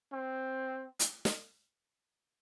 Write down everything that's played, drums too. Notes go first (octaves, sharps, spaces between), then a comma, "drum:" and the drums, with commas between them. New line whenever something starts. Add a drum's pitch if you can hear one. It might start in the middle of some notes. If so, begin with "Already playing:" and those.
C4
drum: hi-hat
drum: snare